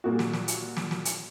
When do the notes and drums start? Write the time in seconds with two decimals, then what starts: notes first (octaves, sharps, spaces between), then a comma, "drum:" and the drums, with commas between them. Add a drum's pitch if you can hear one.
0.04 A#2 G3 A#3 F#4
0.19 drum: snare
0.33 drum: snare
0.48 drum: hi-hat
0.77 drum: snare
0.91 drum: snare
1.05 drum: hi-hat